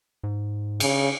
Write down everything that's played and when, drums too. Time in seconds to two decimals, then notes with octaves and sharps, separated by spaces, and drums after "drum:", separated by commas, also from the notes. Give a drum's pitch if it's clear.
0.23 G#2
0.80 C#3, drum: cymbal